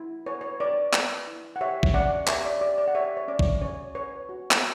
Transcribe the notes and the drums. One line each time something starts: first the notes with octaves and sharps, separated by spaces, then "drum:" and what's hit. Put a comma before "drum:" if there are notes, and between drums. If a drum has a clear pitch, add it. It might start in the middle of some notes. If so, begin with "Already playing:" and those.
Already playing: E4
B4 C#5
C#5
B4 D5
B4, drum: clap
E4
F#5
G4 C#5 E5
drum: kick A#1
C#4 D5 F#5
G4 C#5 E5, drum: clap
D5
G4 D5
D5
F#5
G4 C#5 E5
C#5
C#4 D5
drum: kick A#1
C#4 C#5
B4 C#5
F#4
drum: clap